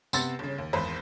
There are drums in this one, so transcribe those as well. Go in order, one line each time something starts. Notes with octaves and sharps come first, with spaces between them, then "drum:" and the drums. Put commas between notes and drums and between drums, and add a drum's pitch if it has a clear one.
C3 B3 F#5 C6 E6 A6, drum: tambourine
G1 C#3
D#2
G#1 E2 B4 C5 B5